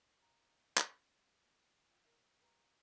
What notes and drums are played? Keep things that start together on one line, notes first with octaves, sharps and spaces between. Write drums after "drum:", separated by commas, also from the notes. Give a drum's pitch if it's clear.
F5 A#5
C#4, drum: clap
F4 C5 F5 G5
D#4 A#4 D#5
G#4 B4 G5 A#5